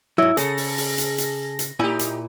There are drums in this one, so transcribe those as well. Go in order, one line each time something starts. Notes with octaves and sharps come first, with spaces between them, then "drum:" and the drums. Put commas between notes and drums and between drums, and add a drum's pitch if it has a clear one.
G#2 F#3 E4
C#3 G#4 A4 A#6, drum: hi-hat
drum: open hi-hat
drum: open hi-hat
drum: hi-hat
drum: hi-hat
drum: hi-hat
A#2 D#4 E4 G4 G#5
drum: hi-hat